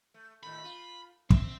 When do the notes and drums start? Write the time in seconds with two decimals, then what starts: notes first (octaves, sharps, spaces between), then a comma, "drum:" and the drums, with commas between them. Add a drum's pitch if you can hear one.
0.14 A3
0.43 A2 D#3 A3 B5
0.64 F4
1.30 F#2 C4 E5, drum: kick